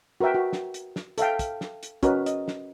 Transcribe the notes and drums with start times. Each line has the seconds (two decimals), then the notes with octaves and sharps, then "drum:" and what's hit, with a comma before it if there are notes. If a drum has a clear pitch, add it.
0.20 F#4 A#4 B4 E5 G5
0.35 F#4
0.53 drum: snare
0.74 drum: hi-hat
0.96 drum: snare
1.18 A4 E5 F5 G5, drum: hi-hat
1.39 drum: kick, hi-hat
1.61 drum: snare
1.83 drum: hi-hat
2.03 C#4 F#4 A#4 B4 D#5, drum: kick, hi-hat
2.26 D#5, drum: hi-hat
2.48 drum: snare